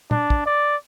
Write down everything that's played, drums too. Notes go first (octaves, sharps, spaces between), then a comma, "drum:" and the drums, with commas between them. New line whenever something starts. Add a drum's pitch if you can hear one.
D4, drum: tom
drum: kick
D5